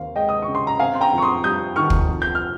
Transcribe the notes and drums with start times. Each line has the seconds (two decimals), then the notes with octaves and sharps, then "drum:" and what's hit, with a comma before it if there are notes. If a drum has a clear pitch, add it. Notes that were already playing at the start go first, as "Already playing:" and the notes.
Already playing: D#2 C4 F5
0.15 G#3 D#5 G5
0.29 D#6
0.42 C#6
0.48 C#3
0.55 C6
0.67 A#5
0.79 C4 F5 G#5
0.95 C6
1.01 G5 A#5
1.12 F2
1.18 C#6
1.22 C6 D#6
1.44 G3 D#6 G6
1.76 D#3 C#6 F6
1.90 drum: kick
2.08 F2
2.22 G6
2.35 F6